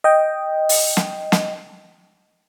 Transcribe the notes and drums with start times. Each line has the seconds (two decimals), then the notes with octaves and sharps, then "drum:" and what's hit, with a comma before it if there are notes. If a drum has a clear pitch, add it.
0.04 D#5 G5
0.69 drum: open hi-hat
0.97 drum: snare
1.32 drum: snare